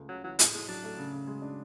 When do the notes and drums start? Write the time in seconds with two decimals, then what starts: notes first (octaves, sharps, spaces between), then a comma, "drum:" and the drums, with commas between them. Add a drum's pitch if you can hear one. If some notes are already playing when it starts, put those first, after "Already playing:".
Already playing: C#2 A3
0.09 C#3 F#3
0.24 E3 F#3
0.39 A2 G#3, drum: hi-hat
0.54 A2 G#3
0.68 F#3 D4
0.84 A3
0.97 C#3
1.12 C#3
1.27 G#3
1.42 D4